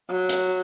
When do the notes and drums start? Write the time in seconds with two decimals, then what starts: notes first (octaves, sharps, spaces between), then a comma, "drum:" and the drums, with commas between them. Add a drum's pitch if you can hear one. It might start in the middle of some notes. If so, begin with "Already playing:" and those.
0.10 F#3
0.29 drum: hi-hat